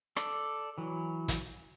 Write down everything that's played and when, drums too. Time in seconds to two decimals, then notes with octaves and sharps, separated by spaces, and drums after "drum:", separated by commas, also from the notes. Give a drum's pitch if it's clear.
0.16 A4 D5, drum: rim click
0.78 E3 F#3
1.28 drum: kick, hi-hat